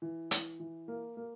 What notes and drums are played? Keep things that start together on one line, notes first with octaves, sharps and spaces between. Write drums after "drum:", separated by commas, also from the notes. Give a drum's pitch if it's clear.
E3
E3, drum: hi-hat
E3
A#3
A#3